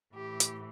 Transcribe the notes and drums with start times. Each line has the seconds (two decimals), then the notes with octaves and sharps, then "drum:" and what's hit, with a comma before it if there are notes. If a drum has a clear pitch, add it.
0.14 A2 E3 G4
0.40 drum: hi-hat